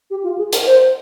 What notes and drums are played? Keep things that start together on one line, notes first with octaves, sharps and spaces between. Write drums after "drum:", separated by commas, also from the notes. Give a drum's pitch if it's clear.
G4
F4
G#4
A#4, drum: hi-hat
C5